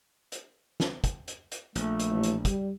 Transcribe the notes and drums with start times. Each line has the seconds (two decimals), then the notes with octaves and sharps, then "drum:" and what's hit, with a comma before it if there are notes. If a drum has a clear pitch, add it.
0.32 drum: hi-hat
0.80 drum: snare
1.04 drum: kick, hi-hat
1.28 drum: hi-hat
1.52 drum: hi-hat
1.75 A#1 A3, drum: hi-hat
1.99 drum: hi-hat
2.11 A1
2.23 drum: hi-hat
2.45 G3, drum: kick, hi-hat